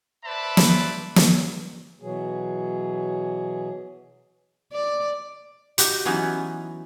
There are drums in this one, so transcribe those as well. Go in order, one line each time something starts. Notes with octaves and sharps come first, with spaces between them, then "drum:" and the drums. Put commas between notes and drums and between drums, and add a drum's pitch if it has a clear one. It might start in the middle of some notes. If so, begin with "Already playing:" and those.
B4 C5 D5 E5 A5 B5
drum: snare
drum: snare
B2 E3 F#3 G#4
D5
D#4 F#4 G4, drum: hi-hat
E3 F#3 B3 C#4 D#4